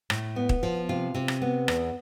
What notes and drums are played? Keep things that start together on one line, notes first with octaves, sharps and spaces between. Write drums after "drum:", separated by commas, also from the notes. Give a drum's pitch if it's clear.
A2, drum: rim click
B3
drum: kick
F3
C3 F4
C3
drum: rim click
B3
E2, drum: rim click